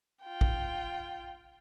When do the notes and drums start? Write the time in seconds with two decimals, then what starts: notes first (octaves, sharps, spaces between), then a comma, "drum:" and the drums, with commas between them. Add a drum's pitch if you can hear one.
0.23 F4 G5
0.41 drum: kick